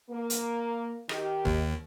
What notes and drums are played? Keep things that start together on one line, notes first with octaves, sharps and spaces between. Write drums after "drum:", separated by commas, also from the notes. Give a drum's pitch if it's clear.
A#3
drum: hi-hat
D#3 G4, drum: rim click
D#2, drum: kick